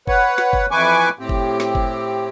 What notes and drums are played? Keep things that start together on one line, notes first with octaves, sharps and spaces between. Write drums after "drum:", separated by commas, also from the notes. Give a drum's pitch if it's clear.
B4 C#5 F#5, drum: kick F#1
drum: snare
drum: kick F#1
F2 E3 B4 G#5 C#6 D6
A2 C4 G4
drum: kick F#1
drum: snare
drum: kick F#1